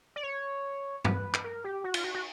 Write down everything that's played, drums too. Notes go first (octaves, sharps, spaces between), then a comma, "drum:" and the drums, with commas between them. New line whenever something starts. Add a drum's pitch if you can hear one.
D5
C#5
B4, drum: tom G2
drum: clap
A#4
G4
F#4
F4, drum: cymbal
F#4
F#4